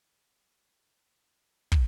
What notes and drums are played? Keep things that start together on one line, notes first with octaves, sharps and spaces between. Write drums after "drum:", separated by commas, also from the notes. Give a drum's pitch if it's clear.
A4 C5 F#5 D6 E6 F6
drum: kick